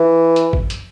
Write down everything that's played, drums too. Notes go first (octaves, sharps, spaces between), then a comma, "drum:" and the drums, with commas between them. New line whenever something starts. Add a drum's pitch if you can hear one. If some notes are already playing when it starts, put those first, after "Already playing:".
Already playing: E3
drum: hi-hat
drum: kick
drum: hi-hat